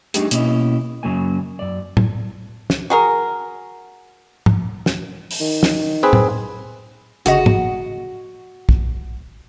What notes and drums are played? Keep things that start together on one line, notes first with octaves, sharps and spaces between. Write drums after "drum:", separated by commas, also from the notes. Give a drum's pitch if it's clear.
G3 A3 D4 D#4 G4 G#4, drum: hi-hat
B2 A#3 C#4 E4 D#5, drum: hi-hat
F#2 C#3 F#3 A#3 G#5
F#2 D5
drum: tom A2
drum: snare
F#4 G#4 A#4
drum: tom G#2
drum: snare
drum: open hi-hat
D#3
drum: snare
C4 G#4 B4
drum: tom A2
G1 C#3 F#4 D#5, drum: hi-hat
drum: tom G#2
drum: kick